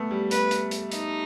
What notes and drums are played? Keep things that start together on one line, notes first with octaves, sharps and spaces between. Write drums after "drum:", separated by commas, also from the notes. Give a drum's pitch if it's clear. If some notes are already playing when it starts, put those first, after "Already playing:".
Already playing: A3 B3
G3
B4, drum: hi-hat
drum: hi-hat
drum: hi-hat
D#4, drum: hi-hat